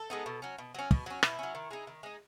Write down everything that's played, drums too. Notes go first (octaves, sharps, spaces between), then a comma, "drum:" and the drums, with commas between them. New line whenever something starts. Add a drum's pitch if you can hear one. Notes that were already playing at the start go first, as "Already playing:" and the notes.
Already playing: A4
G#3 B3 D#4
B2
F#3 C#4
B2
F#3 C#4
B2, drum: kick
F#3 C#4
B2 E4, drum: rim click
F#3 C#4
D#3
G#3 D#4
D#3
G#3 D#4